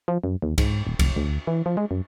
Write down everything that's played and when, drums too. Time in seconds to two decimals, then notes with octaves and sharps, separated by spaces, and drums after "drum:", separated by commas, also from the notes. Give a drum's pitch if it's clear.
0.08 F3
0.24 F#2
0.42 D#2
0.58 G#2, drum: kick C2, cymbal
0.87 D#1
0.99 F1, drum: kick C2, cymbal
1.16 D2
1.47 E3
1.66 F3
1.77 G#3
1.91 F#2